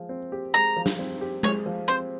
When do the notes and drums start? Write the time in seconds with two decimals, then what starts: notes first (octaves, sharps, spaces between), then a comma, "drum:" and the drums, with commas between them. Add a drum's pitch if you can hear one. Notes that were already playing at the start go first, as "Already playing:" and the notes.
Already playing: F3 G#3
0.09 C4
0.32 G4
0.54 G#3 A#5
0.76 F3
0.86 drum: snare
0.99 C4
1.21 G4
1.43 G#3 C#5, drum: tom G#3
1.66 F3
1.88 C4 C5